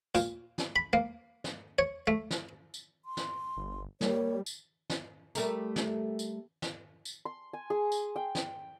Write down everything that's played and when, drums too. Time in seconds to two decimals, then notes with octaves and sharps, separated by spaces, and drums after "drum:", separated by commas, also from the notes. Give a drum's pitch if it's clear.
0.15 A#2, drum: tambourine
0.58 drum: snare
0.76 B5
0.93 A#3
1.44 drum: snare
1.79 C#5
2.07 A3
2.31 drum: snare
2.74 drum: tambourine
3.05 C6
3.17 drum: snare
3.57 G1
4.01 G3 A#3 C#5, drum: snare
4.46 drum: tambourine
4.90 drum: snare
5.35 G3 A3 A#4, drum: tambourine
5.76 drum: snare
6.19 drum: tambourine
6.62 drum: snare
7.05 drum: tambourine
7.25 C6
7.53 G#5
7.70 G#4
7.92 drum: tambourine
8.16 G5
8.35 drum: snare